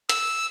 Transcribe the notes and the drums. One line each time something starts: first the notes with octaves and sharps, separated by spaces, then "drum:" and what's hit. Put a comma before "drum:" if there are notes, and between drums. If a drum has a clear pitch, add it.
E6, drum: hi-hat